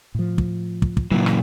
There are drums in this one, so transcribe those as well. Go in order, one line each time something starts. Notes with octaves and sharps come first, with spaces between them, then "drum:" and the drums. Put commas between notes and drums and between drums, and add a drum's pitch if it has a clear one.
A2 F3
drum: kick
drum: kick
drum: kick
A#2 C#3 E3 F#3 A#3
drum: rim click